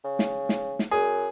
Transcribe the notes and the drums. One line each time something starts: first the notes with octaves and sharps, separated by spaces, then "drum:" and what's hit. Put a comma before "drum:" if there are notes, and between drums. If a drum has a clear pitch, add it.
C#3
drum: snare
drum: snare
drum: snare
F#2 G#4